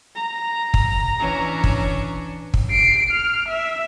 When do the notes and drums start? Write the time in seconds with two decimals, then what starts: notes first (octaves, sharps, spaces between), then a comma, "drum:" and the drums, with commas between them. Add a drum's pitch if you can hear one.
0.15 A#5
0.74 drum: kick
1.19 E3 C#4 D4
1.64 drum: kick
2.54 drum: kick
2.71 C7 D7
3.11 F6
3.48 E5